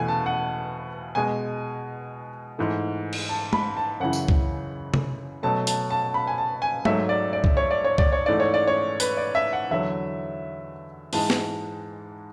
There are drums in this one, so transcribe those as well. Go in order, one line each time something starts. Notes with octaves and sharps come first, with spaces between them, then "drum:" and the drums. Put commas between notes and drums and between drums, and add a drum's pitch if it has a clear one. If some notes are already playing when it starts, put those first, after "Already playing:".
Already playing: E2 B2 A3 G#5
A5
F#5
B2 G#3 G#5
G#2 E3 A3
drum: cymbal
A5
B5, drum: tom
A5
F#2 C#3 E3 F#5
drum: tambourine
drum: kick C2
drum: tom C3
B2 F#3 A3 A5
A5, drum: hi-hat
A5
B5
G#5
A5
G#5
G#2 F#3 A3 E5, drum: tom
D5
D5
drum: kick C2
C#5
D5
C#5
D5, drum: kick C2
C#5
G#2 E3 A3 D5
C#5
D5
C#5
B4, drum: hi-hat
D5
E5
F#5
E2 D3 F#3 E5
G#2 E3 G#3 A5, drum: open hi-hat
drum: snare